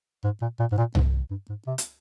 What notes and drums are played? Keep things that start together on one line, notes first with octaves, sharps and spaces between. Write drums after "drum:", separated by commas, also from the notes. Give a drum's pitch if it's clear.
G#2
A#2
A#2
G#2
A#2
G#2, drum: tom C2
G2
G#2
C3
drum: hi-hat